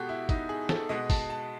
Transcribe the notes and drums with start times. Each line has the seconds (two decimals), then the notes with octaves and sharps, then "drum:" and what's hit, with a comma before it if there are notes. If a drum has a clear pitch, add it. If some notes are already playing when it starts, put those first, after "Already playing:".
Already playing: B2 G#3 B3 F#4 G4 A4
0.09 E4
0.29 D#4, drum: kick, hi-hat
0.49 G#4
0.69 A4, drum: snare
0.89 B2 G#3 B3 D#5
1.10 A5, drum: kick, open hi-hat
1.30 A5